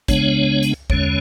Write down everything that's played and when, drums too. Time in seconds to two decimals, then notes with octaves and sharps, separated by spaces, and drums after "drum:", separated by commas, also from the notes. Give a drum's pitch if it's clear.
0.08 C#3 G#3 B3 D4 C#5, drum: kick, hi-hat
0.63 drum: hi-hat
0.90 E2 D3 G#3 C#4 C#5, drum: kick